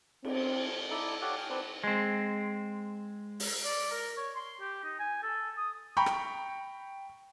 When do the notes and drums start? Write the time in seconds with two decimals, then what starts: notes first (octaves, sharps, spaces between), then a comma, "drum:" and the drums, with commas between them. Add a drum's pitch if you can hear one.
0.25 C4, drum: cymbal
0.91 D#4 E4 A4 D5
1.22 G4 A4 C#5 D5 F5 F#5
1.38 G5 G#5 F6
1.50 C4 B4 C5 D5 A5
1.84 G#3 C4
3.40 drum: open hi-hat
3.65 D5
3.91 A#4
4.17 C#5
4.36 C6
4.61 G4
4.84 D#4
4.99 G#5
5.23 A4
5.57 D#6
5.97 G5 A#5 B5 C#6
6.06 drum: rim click